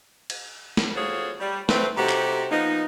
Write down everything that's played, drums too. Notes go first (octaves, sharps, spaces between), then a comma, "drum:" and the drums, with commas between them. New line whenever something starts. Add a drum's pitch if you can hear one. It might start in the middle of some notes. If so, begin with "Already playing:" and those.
drum: cymbal
drum: snare
F4 F#4 G#4 A4 C5 C#5
G3
A3 C4 B4, drum: snare
C3 D#4 F#4 G4 A4 C5
drum: clap
F3 A#3 B3 D#4